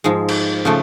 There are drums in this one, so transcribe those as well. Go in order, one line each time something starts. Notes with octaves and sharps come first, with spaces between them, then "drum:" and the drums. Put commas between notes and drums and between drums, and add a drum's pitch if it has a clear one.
G#2 F3 G#3
drum: cymbal
C#3 F3 A3